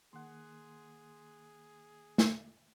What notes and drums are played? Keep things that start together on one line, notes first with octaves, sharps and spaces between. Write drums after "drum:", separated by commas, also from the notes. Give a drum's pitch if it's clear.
D#3 A#3 G#4 F#5 C6
drum: snare